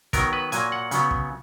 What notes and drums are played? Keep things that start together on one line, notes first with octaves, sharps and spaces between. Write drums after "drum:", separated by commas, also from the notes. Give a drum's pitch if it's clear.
D#3 F#3 B3 A#4, drum: kick, hi-hat
B4
A#2 F#3 A#3 G#5, drum: hi-hat
F#5
C#3 F#3 B3, drum: hi-hat
drum: kick